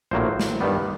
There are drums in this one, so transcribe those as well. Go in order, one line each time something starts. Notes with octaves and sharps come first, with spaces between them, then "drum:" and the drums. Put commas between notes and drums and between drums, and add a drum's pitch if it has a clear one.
A#1 A2 F#3 A#3 C5
drum: snare
G2 D#3 G3 B3